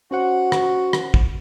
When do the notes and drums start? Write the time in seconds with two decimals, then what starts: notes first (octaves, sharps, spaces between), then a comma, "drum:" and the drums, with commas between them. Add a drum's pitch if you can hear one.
0.11 C#4 F#4 C5 F#5
0.52 drum: rim click
0.93 drum: rim click
1.14 drum: kick